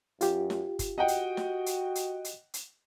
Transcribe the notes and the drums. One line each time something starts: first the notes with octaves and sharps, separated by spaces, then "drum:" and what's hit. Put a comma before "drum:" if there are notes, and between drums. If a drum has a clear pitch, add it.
F#2 F4 G4, drum: hi-hat
drum: snare
drum: kick, hi-hat
F#4 D#5 F#5 G5
drum: hi-hat
drum: snare
drum: hi-hat
drum: hi-hat
drum: hi-hat
drum: hi-hat